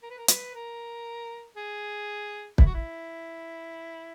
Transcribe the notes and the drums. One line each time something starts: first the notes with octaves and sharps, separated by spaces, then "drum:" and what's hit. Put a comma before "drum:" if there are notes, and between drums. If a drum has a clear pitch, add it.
A#4
B4
A#4
B4, drum: hi-hat
A#4
G#4
E4, drum: kick
F#4
E4